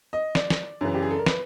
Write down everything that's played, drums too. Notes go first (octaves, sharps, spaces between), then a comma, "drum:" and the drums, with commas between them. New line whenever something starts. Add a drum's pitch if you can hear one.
D#5
D5, drum: snare
drum: snare
F#2 C#3 E3
G4
G#4
A4
A#4
B4, drum: snare